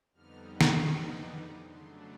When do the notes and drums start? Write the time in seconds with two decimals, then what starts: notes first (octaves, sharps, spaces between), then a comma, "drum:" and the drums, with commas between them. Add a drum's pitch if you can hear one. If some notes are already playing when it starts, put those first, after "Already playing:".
0.13 F2 D3 G3 B3 D#4 F6
0.61 drum: snare
0.90 E6
1.30 D6
1.67 C#3 F#3 A3 D4 C6